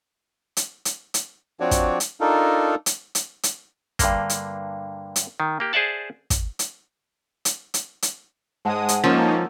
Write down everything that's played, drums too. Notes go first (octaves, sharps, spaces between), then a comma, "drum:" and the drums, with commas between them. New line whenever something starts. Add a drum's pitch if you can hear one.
drum: hi-hat
drum: hi-hat
drum: hi-hat
F3 C4 D4 F#4 C#5 D5
drum: kick, hi-hat
drum: hi-hat
D4 D#4 F4 A4 A#4
drum: hi-hat
drum: hi-hat
drum: hi-hat
G2 D3 A#3, drum: kick, hi-hat
drum: hi-hat
drum: hi-hat
D#3
A#3 G4
G#4 C5 D5 E5 F#5 A5
drum: kick, hi-hat
drum: hi-hat
drum: hi-hat
drum: hi-hat
drum: hi-hat
G#2 G#3 F#5 A5 D#6
drum: hi-hat
F3 A#3 C#4 D#4 A4